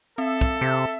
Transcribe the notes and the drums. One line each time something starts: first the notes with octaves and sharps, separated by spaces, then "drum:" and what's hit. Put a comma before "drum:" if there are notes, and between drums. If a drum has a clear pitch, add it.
C4 A4 E5
drum: kick
C3 E5